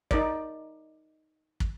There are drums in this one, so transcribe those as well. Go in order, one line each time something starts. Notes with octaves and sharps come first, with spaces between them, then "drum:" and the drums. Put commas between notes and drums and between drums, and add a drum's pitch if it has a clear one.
D#4 A#4 D5, drum: kick
drum: kick